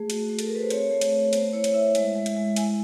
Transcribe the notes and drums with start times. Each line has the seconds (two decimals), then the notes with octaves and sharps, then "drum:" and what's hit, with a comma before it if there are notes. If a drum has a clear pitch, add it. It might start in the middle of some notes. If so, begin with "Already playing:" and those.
Already playing: A3 G#4
0.10 F#4, drum: hi-hat
0.30 A3
0.39 A4, drum: hi-hat
0.47 A#4
0.50 A3 B4
0.62 C5
0.70 C4 C#5, drum: hi-hat
0.91 A3
1.01 C#5, drum: hi-hat
1.13 A3
1.33 B3 C5, drum: hi-hat
1.53 E4 C#5
1.64 drum: hi-hat
1.74 E4 E5
1.95 G#3 E5, drum: hi-hat
2.15 G#3
2.26 drum: hi-hat
2.37 G#3
2.56 E4 G#5, drum: hi-hat